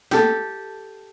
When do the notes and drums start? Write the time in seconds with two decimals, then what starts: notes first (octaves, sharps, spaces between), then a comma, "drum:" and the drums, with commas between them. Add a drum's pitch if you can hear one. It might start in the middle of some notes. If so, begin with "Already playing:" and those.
0.11 G4 A4, drum: snare